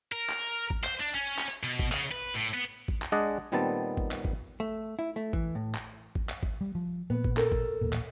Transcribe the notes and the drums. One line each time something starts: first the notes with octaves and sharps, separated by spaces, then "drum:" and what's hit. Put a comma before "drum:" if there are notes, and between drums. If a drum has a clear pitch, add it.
A#4
drum: clap
drum: kick A1
C5, drum: clap
D4
C#4
drum: clap
B2
drum: kick A1
C#3, drum: clap
B4
A2
B3
drum: kick A1
drum: clap
G#3 D4 G#4 D5 D#5 F#5
A#2 D#3 G3 B3 C4 A5
drum: kick A1
drum: clap
drum: kick A1
A3
E4
A3
E3, drum: kick A1
A2
drum: clap
drum: kick A1
drum: clap
drum: kick A1
G3
F3
A#2 B3
drum: kick A1
A4 A#4, drum: clap
drum: kick A1
A1 D#2 A#2
drum: clap